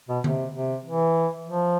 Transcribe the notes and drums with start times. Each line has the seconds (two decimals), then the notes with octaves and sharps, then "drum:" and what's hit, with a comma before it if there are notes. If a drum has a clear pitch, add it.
0.09 B2
0.24 C3, drum: tom D3
0.54 C3
0.85 E3
1.47 F3